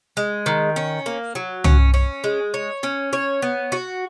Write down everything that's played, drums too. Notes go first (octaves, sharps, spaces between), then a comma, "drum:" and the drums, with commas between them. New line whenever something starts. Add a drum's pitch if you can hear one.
G#3
D#3
C#4
A#3
F#3
C#4, drum: tom
C#4
G#3
C#5
C#4
C#5
B3
F#4